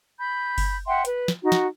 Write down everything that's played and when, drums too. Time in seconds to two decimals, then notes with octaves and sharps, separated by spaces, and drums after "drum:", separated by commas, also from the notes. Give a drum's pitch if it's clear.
0.19 B5 G6
0.58 drum: kick F#1, open hi-hat
0.87 E5 F#5 G5 C6
1.05 B4, drum: hi-hat
1.28 drum: snare
1.42 D#4 F#4
1.52 drum: snare